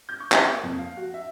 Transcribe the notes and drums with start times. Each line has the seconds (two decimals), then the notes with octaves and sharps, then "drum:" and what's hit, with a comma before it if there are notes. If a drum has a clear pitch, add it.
0.09 G6
0.20 C#6
0.32 G#5, drum: clap
0.52 A#3
0.63 F2
0.79 F5
0.97 F#4
1.14 E5